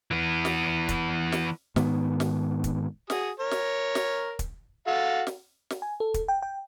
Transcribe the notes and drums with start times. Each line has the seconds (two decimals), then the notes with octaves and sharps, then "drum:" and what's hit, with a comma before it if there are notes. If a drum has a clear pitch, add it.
0.11 E3 B3
0.45 drum: snare
0.89 drum: kick, hi-hat
1.32 drum: snare
1.76 G#2 D#3 B3, drum: snare
2.20 drum: snare
2.64 drum: kick, hi-hat
3.10 F#4 G#4 D#6, drum: snare
3.39 A#4 C#5
3.51 drum: snare
3.95 drum: snare
4.39 drum: kick, hi-hat
4.87 F#4 A4 F5
5.27 drum: snare
5.70 drum: snare
5.82 G#5
6.00 A4
6.14 drum: kick, hi-hat
6.28 G5
6.42 G5